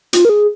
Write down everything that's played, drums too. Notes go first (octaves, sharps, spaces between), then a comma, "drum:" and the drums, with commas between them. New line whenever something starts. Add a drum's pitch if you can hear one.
F4, drum: hi-hat
A#4
G#4